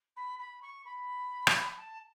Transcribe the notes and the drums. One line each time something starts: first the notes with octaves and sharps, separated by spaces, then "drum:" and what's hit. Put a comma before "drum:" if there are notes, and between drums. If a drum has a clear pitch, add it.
B5
B5
C#6
B5
drum: rim click
A5